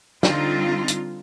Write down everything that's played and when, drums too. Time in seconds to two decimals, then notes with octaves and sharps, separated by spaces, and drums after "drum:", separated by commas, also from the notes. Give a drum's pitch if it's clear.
0.23 D3 G3 C4 D#4 F4, drum: snare
0.88 drum: hi-hat